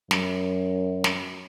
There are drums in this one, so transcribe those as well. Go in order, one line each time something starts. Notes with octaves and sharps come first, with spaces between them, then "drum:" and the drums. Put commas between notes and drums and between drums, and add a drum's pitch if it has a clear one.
F#2, drum: snare
drum: snare